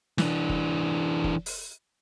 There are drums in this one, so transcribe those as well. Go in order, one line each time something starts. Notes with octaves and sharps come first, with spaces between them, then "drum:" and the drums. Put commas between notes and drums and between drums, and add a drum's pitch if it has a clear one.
E3 D4, drum: snare
drum: kick F#1
drum: kick F#1
drum: open hi-hat